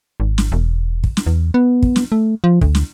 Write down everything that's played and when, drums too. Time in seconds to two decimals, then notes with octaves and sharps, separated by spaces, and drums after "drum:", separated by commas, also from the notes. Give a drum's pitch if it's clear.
0.20 G#1
0.38 drum: snare
0.52 E1
1.04 drum: kick
1.17 drum: snare
1.27 E2
1.54 B3
1.82 drum: kick
1.96 drum: snare
2.12 A3
2.44 F3
2.61 D2, drum: kick
2.75 drum: snare